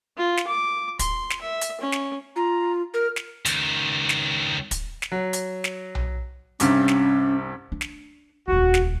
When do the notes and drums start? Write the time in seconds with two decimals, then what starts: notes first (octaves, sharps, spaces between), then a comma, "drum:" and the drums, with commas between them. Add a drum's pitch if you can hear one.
0.17 F4
0.37 drum: snare
0.47 D6
0.99 C6, drum: kick, hi-hat
1.30 drum: snare
1.41 E5
1.61 drum: hi-hat
1.81 C#4
1.92 drum: snare
2.36 F4 A#5
2.94 A#4 F6
3.16 drum: snare
3.45 C#2 D#3, drum: hi-hat
4.09 drum: snare
4.71 drum: kick, hi-hat
5.02 drum: snare
5.12 F#3
5.33 drum: hi-hat
5.64 drum: snare
5.95 drum: tom B1
6.60 C2 G2 C#4 D6, drum: hi-hat
6.88 drum: snare
7.72 D4
7.81 drum: snare
8.48 D#1 C#2 F#4
8.74 drum: snare